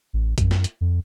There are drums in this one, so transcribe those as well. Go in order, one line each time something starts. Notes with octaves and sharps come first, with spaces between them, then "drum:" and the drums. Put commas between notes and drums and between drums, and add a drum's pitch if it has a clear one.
A1
F#2, drum: kick A1, hi-hat
drum: snare
drum: hi-hat
F2